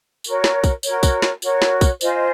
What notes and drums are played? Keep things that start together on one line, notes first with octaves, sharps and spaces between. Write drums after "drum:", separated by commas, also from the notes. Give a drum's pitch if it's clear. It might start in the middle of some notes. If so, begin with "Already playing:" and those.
F#4 A#4 C#5, drum: tambourine
drum: snare
drum: kick, tambourine
F#4 A#4 C#5, drum: tambourine
drum: kick, tambourine
drum: snare
F#4 A#4 C#5, drum: tambourine
drum: snare
drum: kick, tambourine
F4 C5 D#5 G#5, drum: tambourine